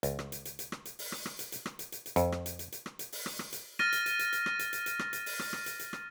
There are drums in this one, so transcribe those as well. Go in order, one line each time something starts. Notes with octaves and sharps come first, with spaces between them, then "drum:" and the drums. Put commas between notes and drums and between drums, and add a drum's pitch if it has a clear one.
C#2, drum: hi-hat
drum: rim click
drum: hi-hat
drum: hi-hat
drum: hi-hat
drum: rim click
drum: hi-hat
drum: open hi-hat
drum: rim click
drum: rim click
drum: hi-hat
drum: hi-hat
drum: rim click
drum: hi-hat
drum: hi-hat
drum: hi-hat
F2, drum: hi-hat
drum: rim click
drum: hi-hat
drum: hi-hat
drum: hi-hat
drum: rim click
drum: hi-hat
drum: open hi-hat
drum: rim click
drum: rim click
drum: hi-hat
F6 A6 A#6 D#7, drum: rim click
drum: hi-hat
drum: hi-hat
drum: hi-hat
drum: hi-hat
drum: rim click
drum: hi-hat
drum: hi-hat
drum: hi-hat
drum: rim click
drum: hi-hat
drum: open hi-hat
drum: rim click
drum: rim click
drum: hi-hat
drum: hi-hat
drum: rim click